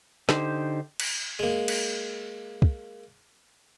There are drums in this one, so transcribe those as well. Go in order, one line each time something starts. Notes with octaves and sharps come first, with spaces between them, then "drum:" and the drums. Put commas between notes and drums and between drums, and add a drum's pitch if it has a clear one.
D3 D#4 G4 C5, drum: snare
drum: cymbal
G#3 A#3
drum: cymbal
drum: kick